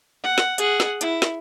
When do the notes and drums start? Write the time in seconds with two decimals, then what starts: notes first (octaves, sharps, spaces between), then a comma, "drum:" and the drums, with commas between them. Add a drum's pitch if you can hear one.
0.23 F#5
0.38 drum: snare
0.58 G#4 F#5, drum: hi-hat
0.80 drum: snare
1.01 E4, drum: hi-hat
1.22 drum: snare